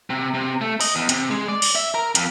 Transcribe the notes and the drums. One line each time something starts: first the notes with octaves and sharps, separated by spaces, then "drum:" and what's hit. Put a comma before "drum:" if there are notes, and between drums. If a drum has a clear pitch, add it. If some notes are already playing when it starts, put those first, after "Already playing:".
C3
C3
A3
D#5, drum: open hi-hat
E2
C3, drum: hi-hat
G#3
D5
drum: open hi-hat
E5
A#4
F2, drum: hi-hat